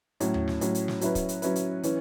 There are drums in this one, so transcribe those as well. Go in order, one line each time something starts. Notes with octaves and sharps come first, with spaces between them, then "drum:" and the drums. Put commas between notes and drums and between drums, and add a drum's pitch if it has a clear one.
A2 F#3 C#4, drum: hi-hat
drum: tom D#2
drum: snare
A2 F#3 C#4, drum: hi-hat
drum: hi-hat
drum: snare
F#3 C#4 E4 B4, drum: hi-hat
drum: kick, hi-hat
drum: hi-hat
F#3 C#4 E4 B4, drum: hi-hat
drum: hi-hat
E3 C#4, drum: hi-hat